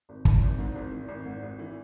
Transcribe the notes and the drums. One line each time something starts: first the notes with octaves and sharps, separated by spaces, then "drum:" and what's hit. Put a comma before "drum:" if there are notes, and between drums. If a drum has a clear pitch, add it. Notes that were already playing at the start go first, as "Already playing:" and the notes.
G#1
E3, drum: kick
G#1
G#2
G#1
E3
G#1
G#2
G#1
E3